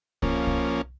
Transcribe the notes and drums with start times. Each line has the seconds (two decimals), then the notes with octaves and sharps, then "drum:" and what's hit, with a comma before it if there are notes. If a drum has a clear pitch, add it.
0.22 F3 A#3 C#4, drum: kick C2
0.47 drum: kick C2